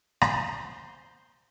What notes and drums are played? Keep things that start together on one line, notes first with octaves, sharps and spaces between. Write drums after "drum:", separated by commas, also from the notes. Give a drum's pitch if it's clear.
C5, drum: rim click